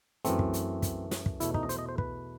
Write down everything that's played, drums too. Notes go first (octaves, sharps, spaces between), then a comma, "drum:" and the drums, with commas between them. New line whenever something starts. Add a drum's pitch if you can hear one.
F#2 E3 A3 C4, drum: hi-hat
drum: kick
drum: hi-hat
drum: kick, hi-hat
drum: snare
drum: kick
E2 B2 A3 E4, drum: hi-hat
D#4, drum: kick
D#5
C5, drum: hi-hat
D#5
C5
B4, drum: kick